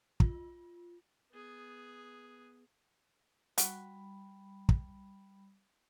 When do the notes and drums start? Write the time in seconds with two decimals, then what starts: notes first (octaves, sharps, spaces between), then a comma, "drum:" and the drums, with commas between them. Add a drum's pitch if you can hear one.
0.20 F4, drum: kick
1.32 B3 G#4
3.58 G3 F#4 B5, drum: hi-hat
4.69 drum: kick